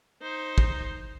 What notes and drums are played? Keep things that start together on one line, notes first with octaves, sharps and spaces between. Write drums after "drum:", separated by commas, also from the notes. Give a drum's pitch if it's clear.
D#4 C5
drum: kick